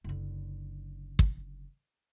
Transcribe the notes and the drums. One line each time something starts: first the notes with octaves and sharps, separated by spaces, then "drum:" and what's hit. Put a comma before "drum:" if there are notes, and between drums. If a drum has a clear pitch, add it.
F#1 D3
drum: kick